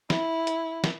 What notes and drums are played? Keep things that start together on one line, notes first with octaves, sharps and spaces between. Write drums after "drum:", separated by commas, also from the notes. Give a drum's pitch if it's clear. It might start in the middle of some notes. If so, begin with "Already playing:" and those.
E4, drum: snare
drum: hi-hat
drum: snare